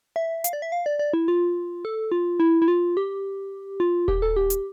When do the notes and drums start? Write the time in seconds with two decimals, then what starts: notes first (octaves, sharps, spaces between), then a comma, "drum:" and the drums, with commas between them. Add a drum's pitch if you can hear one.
0.16 E5
0.44 F5, drum: hi-hat
0.53 D5
0.62 E5
0.72 F5
0.86 D5
0.99 D5
1.13 E4
1.28 F4
1.85 A4
2.12 F4
2.40 E4
2.62 E4
2.68 F4
2.97 G4
3.80 F4
4.08 G4, drum: kick D#1
4.22 A4
4.36 G4
4.50 drum: hi-hat